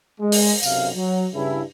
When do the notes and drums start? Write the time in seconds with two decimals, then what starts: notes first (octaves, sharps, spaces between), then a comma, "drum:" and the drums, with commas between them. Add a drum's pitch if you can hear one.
0.20 G#3
0.32 drum: open hi-hat
0.63 B1 F#2 C3 F5, drum: tambourine
0.95 F#3
1.34 G2 C#3 E4